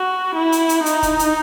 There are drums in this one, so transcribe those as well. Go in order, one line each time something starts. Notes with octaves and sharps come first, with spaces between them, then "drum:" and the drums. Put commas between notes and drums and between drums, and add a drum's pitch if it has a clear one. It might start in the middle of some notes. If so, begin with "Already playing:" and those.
Already playing: F#4
E4
drum: hi-hat
drum: hi-hat
D#4, drum: hi-hat
drum: kick, hi-hat
drum: hi-hat